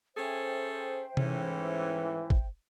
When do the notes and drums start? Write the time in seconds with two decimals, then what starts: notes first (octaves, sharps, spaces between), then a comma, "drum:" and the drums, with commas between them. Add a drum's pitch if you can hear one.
0.16 C#4 G#4 A4 C5 E5 G5
1.17 G#2 E3 A3 C#4, drum: tom C3
2.30 drum: kick